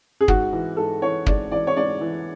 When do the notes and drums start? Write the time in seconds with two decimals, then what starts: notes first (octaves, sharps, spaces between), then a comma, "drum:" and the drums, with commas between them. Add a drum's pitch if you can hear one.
0.21 G#4
0.28 G#2 F#4, drum: kick
0.53 E3
0.77 G#2 A4
1.02 E3 C#5
1.26 G#2 D5, drum: kick
1.51 E3 D5
1.67 C#5
1.76 G#2 D5
2.01 E3